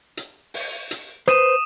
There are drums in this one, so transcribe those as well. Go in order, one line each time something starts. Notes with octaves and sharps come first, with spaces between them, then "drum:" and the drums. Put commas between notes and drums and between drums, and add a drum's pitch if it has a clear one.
drum: hi-hat
drum: open hi-hat
drum: hi-hat
B4 C5 D#6 D#7 E7, drum: rim click